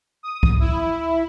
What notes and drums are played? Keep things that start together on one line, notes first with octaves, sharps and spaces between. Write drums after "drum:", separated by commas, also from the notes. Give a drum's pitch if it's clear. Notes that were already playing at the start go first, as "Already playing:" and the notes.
D#6
drum: kick C2
E4